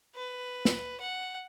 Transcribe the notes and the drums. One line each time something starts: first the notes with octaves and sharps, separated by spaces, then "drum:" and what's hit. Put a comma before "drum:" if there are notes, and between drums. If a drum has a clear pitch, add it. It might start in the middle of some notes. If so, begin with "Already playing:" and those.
B4
drum: snare
F#5